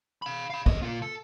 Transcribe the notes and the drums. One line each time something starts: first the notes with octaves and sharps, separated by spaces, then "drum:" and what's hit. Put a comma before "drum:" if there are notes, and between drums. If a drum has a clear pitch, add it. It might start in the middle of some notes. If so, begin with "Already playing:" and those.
F5 B5
F5 B5
G2 D#5, drum: kick
A#2 F4
A4